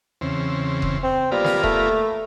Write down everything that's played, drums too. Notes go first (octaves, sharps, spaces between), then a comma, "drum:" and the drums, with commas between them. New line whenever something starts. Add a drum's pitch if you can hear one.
E2 C#3 C4
drum: kick D#1
C4
G3 A#3 B3 F4
drum: snare
A3, drum: kick D#1